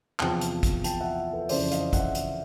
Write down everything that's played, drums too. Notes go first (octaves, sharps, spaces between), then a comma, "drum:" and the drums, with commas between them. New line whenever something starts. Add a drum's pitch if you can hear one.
E2 C3 F3 G5 A5, drum: clap
drum: hi-hat
drum: kick, hi-hat
G5 A5, drum: hi-hat
E5 F#5
A4 B4
F2 C#3 E3 C5 D5, drum: open hi-hat
D#5 F5, drum: hi-hat
E5 F#5, drum: kick, hi-hat
drum: hi-hat